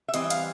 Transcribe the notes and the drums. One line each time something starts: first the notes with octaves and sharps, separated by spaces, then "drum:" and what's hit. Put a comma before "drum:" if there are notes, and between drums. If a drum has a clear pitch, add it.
E5
E3 G3 C4 D#5, drum: hi-hat
F5, drum: hi-hat